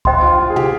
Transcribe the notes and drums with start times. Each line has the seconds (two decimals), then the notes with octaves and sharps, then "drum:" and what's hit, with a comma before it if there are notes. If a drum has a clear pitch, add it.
0.05 C5 D#5 G5 C6, drum: kick C2
0.22 F4
0.39 F4
0.50 G#4
0.56 G4, drum: tom